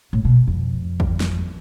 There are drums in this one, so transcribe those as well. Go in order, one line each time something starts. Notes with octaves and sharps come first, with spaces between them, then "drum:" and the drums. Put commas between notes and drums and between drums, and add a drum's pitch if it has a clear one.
A2
B2
F2
drum: kick
drum: snare